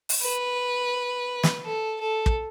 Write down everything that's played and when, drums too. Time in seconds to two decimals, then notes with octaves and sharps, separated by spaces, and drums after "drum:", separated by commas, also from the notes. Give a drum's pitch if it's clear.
0.09 drum: open hi-hat
0.23 B4
1.43 drum: snare
1.65 A4
2.00 A4
2.26 drum: kick